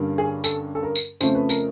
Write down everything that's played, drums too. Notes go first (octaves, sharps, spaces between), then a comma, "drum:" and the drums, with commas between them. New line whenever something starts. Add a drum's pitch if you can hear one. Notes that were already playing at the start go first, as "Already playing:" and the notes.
Already playing: G2 D3 G3 A#3 C#4
G#4
A4, drum: tambourine
A4
A#4
drum: tambourine
F2 C#3 F3 A3 C#4 C5, drum: tambourine
B4
A#4, drum: tambourine